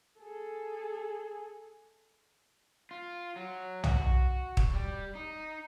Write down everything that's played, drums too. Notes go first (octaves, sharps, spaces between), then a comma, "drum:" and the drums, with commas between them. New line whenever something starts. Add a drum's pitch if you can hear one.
G#4 A4
F4
F#3
F#4, drum: tom
drum: kick
G3
D#4